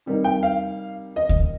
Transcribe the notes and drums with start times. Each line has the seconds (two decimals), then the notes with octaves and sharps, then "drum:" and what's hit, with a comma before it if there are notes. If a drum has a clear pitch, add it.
0.06 C3 G3 A#3 D#4
0.24 G5
0.43 F5
1.16 D#5
1.29 drum: kick D2